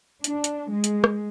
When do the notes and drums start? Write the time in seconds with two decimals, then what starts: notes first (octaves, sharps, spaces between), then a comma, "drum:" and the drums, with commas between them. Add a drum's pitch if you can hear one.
0.24 D4, drum: hi-hat
0.44 drum: hi-hat
0.72 G#3
0.84 drum: hi-hat
1.04 drum: rim click